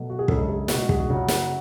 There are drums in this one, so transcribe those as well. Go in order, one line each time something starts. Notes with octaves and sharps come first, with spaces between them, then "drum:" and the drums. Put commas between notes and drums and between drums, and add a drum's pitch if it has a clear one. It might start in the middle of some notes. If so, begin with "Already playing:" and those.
Already playing: B2 F#3 A3
F#4
G#4
F#2 C#3 G#3 D4 A4, drum: kick
G#4
B2 G#3 D4 F#4, drum: snare
F#4
G#4, drum: kick
F#4
F#2 C#3 F#3 C#4
drum: snare